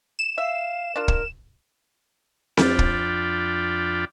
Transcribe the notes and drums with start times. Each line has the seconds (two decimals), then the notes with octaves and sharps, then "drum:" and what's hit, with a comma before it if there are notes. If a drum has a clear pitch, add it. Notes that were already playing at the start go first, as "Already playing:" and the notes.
0.19 E7
0.38 E5 F5
0.96 D4 F4 A#4
1.08 drum: kick
2.57 F2 D4 F4 D5 G5 B5, drum: snare C4
2.79 drum: kick